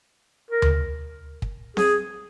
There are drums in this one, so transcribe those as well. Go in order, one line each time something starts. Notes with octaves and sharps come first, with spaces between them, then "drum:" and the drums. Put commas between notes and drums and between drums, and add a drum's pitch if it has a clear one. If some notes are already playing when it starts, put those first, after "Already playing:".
A#4
drum: tom D2
drum: kick
G#4, drum: snare C4